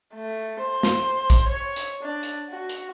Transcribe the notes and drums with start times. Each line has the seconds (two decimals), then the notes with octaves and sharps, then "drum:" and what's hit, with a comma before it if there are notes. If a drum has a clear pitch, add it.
0.14 A3
0.60 C5
0.83 drum: snare
1.30 drum: kick, hi-hat
1.47 C#5
1.76 drum: hi-hat
2.03 D4
2.23 drum: hi-hat
2.50 F#4
2.69 drum: hi-hat